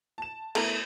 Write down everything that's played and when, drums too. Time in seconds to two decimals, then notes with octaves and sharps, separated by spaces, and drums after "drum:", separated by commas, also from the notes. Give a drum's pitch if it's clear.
0.18 A5 E7
0.55 A3 B3 E4 A4 A#4, drum: cymbal